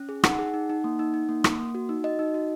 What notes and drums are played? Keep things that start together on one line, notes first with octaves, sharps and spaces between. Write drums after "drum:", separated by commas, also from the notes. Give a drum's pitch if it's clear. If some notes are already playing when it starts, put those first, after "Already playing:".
Already playing: C#4
G#4
D#4 F#5, drum: rim click
G#4
D#4
D#4
A#3
D#4
D#4
A#3
A#3, drum: rim click
A#3
F#4
D#4
F#4 D#5
D#4
F#4